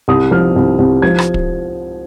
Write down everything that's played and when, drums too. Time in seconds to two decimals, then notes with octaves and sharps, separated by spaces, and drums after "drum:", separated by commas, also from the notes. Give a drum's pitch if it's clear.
0.08 C2 D#6
0.31 F3 F6
0.56 C2
0.78 C2
1.02 F3 G#6
1.18 drum: rim click
1.34 drum: kick